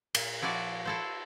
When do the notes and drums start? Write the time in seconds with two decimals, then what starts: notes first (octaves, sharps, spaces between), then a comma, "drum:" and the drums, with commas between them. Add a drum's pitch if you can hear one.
0.15 A#2, drum: cymbal
0.42 F3 E4 F#4 D5
0.85 E4 A4 C5